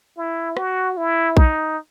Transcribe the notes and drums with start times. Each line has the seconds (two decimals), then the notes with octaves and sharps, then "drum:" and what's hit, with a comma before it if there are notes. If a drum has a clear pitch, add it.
0.17 E4
0.57 F#4, drum: rim click
0.97 E4
1.37 D#4, drum: kick A#1